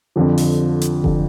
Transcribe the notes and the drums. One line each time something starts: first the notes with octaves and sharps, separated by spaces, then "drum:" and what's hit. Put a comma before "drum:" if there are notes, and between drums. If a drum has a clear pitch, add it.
F2 D3 F3
drum: open hi-hat
drum: hi-hat
D3 F3, drum: kick F#1